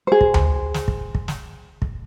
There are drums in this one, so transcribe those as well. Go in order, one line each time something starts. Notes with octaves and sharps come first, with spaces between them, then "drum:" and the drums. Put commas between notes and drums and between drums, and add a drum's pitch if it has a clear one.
G#4 C5
drum: kick
drum: tom D2
drum: snare
drum: kick
drum: kick
drum: snare
drum: kick